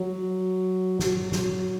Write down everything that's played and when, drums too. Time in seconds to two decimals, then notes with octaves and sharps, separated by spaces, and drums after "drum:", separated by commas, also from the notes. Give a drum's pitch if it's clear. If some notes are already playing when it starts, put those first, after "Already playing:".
Already playing: F#3
0.99 F#3, drum: snare
1.32 drum: snare